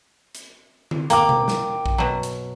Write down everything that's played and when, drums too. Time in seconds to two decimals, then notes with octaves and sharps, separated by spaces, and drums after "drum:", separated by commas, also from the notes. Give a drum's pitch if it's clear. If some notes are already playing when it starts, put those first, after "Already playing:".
0.35 drum: hi-hat
0.91 drum: tom D3
1.10 A#3 G5 D6, drum: hi-hat
1.29 drum: tom B2
1.48 drum: snare
1.86 drum: kick A#1
1.98 B2 F#3
2.23 drum: hi-hat